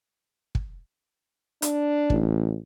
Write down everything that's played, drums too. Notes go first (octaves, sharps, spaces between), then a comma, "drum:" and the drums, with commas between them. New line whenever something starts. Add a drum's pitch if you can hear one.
drum: kick
D4, drum: hi-hat
A1, drum: kick